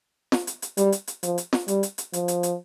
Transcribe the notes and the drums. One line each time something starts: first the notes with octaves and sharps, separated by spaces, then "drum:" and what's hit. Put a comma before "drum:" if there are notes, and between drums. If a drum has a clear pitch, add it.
drum: snare
drum: hi-hat
drum: hi-hat
G3, drum: hi-hat
drum: hi-hat
drum: hi-hat
F3, drum: hi-hat
drum: hi-hat
drum: snare
G3, drum: hi-hat
drum: hi-hat
drum: hi-hat
F3, drum: hi-hat
drum: hi-hat
drum: hi-hat